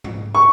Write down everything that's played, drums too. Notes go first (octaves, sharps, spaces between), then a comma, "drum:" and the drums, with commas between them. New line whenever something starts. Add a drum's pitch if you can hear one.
drum: tom G#2
C#6